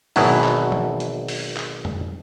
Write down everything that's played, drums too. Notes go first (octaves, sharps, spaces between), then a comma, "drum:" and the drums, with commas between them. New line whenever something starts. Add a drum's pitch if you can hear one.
G#1 B2 E3 F#3 E4, drum: open hi-hat
drum: clap
drum: tom E3
drum: hi-hat
drum: open hi-hat
drum: clap
drum: tom